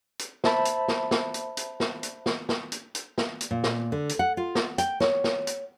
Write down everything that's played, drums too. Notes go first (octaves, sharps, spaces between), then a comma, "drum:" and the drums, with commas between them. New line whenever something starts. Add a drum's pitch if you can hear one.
drum: hi-hat
C5 E5 A5 B5, drum: snare
drum: hi-hat
drum: snare
drum: snare
drum: hi-hat
drum: hi-hat
drum: snare
drum: hi-hat
drum: snare
drum: snare
drum: hi-hat
drum: hi-hat
drum: snare
drum: hi-hat
A#2
drum: snare
D3
drum: hi-hat
F#5
F4
drum: snare
G5, drum: hi-hat
C#5, drum: snare
drum: snare
drum: hi-hat